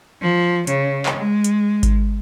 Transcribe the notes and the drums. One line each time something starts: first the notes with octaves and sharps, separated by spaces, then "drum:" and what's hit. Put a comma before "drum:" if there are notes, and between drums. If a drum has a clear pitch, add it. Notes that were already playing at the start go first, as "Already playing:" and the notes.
F3
C#3, drum: hi-hat
drum: clap
G#3
drum: hi-hat
drum: kick G#1, hi-hat